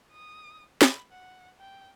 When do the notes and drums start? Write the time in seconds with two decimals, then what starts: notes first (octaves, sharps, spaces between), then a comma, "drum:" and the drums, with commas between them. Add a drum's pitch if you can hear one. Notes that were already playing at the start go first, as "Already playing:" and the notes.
0.12 D#6
0.82 B5, drum: snare
1.11 F#5
1.60 G5